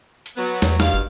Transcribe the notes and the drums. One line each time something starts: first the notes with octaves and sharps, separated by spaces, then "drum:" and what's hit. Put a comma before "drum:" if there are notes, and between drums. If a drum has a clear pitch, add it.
drum: hi-hat
F#3 B3
E2, drum: snare
G2 B2 F5, drum: snare
F#1